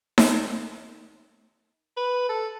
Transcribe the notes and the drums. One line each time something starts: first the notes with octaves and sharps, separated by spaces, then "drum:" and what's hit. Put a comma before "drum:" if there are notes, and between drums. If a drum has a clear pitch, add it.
drum: snare D#4
B4
A4